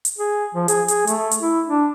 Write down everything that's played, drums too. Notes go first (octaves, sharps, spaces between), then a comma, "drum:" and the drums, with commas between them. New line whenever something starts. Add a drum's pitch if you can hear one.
drum: hi-hat
G#4
F3
G#4, drum: hi-hat
G#4, drum: hi-hat
A3, drum: hi-hat
drum: hi-hat
E4
D4